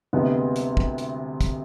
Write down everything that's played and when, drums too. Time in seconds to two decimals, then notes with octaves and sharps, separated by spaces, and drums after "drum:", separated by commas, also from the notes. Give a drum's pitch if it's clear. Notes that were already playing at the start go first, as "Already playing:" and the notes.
0.13 D2 C3 G#3 B3
0.56 drum: hi-hat
0.77 drum: kick
0.98 drum: hi-hat
1.41 drum: kick, hi-hat